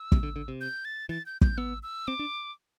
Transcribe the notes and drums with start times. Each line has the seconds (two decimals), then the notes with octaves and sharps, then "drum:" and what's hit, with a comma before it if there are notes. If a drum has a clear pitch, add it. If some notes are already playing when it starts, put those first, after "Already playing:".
Already playing: E6
0.12 C3, drum: kick
0.23 D3
0.36 D3
0.48 C3
0.61 G6
0.85 A6
1.09 E3 A6
1.26 G6
1.41 G6, drum: kick
1.58 B3 E6
1.83 E6
2.07 C4 D6
2.19 D4